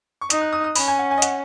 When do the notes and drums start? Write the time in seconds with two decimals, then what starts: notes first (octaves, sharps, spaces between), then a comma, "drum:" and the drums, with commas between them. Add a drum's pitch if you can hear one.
0.21 C#6
0.30 D#4 D#6, drum: hi-hat
0.41 F#6
0.53 D#6
0.64 D#6
0.76 C#4 B5, drum: open hi-hat
0.88 G#5
0.99 F#5
1.11 G#5
1.18 D#5
1.22 F#5, drum: hi-hat